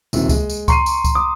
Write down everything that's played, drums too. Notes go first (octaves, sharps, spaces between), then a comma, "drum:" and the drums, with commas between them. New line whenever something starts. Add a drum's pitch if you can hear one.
D#1 C3 D#3, drum: tambourine
G#3, drum: kick C#2, tambourine
drum: tambourine
A#5 C6 C#6 C7 D#7, drum: kick C#2, tambourine
drum: tambourine
drum: kick C#2, tambourine
D6 D#6